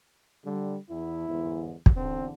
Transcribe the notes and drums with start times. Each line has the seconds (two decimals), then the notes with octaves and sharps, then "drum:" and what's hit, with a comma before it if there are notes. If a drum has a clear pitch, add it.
0.45 D3 G3
0.90 E2 E4
1.28 G1 E2 G#2
1.86 drum: kick
1.96 B1 E2 D3 C4